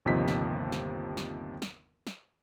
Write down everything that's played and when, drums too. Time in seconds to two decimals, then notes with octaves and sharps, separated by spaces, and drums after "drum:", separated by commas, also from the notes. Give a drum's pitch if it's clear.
0.05 G1 D#2 C3 F3 D#4 B6
0.28 drum: snare
0.72 drum: snare
1.17 drum: snare
1.62 drum: snare
2.07 drum: snare